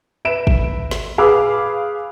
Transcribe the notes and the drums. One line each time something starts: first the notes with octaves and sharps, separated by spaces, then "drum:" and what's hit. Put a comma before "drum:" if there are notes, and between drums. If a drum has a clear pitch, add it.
B4 E5 D7 E7
drum: kick
drum: snare
G#4 B4 F5 D6 E6